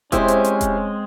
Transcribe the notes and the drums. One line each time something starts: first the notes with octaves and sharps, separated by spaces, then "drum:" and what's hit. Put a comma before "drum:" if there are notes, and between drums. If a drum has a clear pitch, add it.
G#3 C4 C#4 E4 G4 C5, drum: kick E1, hi-hat
drum: hi-hat
drum: hi-hat
drum: kick E1, hi-hat